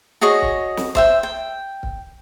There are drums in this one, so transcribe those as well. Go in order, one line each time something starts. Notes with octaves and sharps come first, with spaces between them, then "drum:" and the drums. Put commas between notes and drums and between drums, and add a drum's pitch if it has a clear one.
F#4 G#4 C#5 D#5
drum: kick
drum: snare
C5 E5 G5, drum: kick
G5
drum: kick